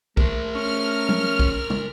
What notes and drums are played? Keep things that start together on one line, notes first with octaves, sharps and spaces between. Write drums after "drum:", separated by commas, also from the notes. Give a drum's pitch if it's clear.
A3 A#4 C5, drum: kick B1
C#4 F6
drum: tom
drum: kick B1
drum: tom